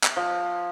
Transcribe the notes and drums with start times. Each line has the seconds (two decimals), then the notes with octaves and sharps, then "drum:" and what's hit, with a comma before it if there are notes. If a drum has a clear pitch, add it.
0.04 drum: clap
0.16 F3